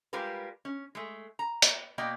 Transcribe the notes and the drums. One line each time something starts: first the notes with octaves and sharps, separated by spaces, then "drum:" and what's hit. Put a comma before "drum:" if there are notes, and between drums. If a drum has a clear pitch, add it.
G3 G#3 F4 G4 A#4 B4
C#4
G#3 A3
A#5
drum: hi-hat
B2 A#3 B3 D5 D#5 G5